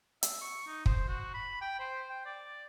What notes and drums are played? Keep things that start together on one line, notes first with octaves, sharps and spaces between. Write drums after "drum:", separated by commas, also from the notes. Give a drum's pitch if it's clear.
E5, drum: hi-hat
C#6
D#4
C5, drum: kick
F#4
B5
G5
C5
G5
D5